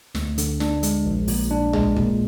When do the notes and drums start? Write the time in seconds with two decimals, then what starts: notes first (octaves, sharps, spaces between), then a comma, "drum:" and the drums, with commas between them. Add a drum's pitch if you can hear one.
0.15 D2, drum: snare
0.38 D3, drum: hi-hat
0.60 D4, drum: snare
0.83 G#3, drum: hi-hat
1.05 A#1
1.28 A#2, drum: open hi-hat
1.51 D4
1.73 G#3, drum: tom
1.96 A#2, drum: kick